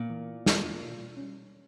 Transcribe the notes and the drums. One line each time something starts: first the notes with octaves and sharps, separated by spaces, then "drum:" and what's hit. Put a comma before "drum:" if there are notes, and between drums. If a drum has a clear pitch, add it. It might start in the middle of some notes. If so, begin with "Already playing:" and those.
Already playing: A#2 B3 E4 A#4
E3
B3 E4 A#4, drum: snare
B2
G3 C#4